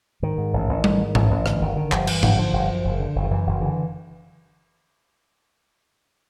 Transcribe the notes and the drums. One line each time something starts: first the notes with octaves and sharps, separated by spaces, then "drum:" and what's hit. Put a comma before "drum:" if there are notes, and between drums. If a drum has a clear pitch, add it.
G#2 D#3
G#2
A1
A1
G#2, drum: tom G3
G#2
A1, drum: tom G#2
A1
G2 D3, drum: rim click
G1 D#3
D3 D#3
G1 F3, drum: clap
G2 E3, drum: cymbal
G1, drum: tom G#2
D3 F3
G1
F#2
F#1
D3
F#1
D#3
F#2 E3
F#1
D3 E3